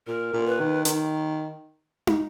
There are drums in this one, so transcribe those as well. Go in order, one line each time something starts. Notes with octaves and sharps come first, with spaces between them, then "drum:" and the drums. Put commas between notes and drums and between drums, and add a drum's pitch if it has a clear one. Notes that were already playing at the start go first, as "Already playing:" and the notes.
A#2 A#4
A#2
B4
D#3
D#3, drum: hi-hat
drum: tom